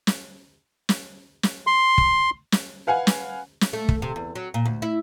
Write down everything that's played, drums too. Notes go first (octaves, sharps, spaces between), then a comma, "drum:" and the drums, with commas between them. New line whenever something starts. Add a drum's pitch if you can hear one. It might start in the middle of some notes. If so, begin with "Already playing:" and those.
drum: snare
drum: snare
drum: snare
C6
drum: kick
drum: snare
B4 F5 F#5 G#5
drum: snare
drum: snare
A3
drum: kick
C3
E2
F#3
A#2
D2
E4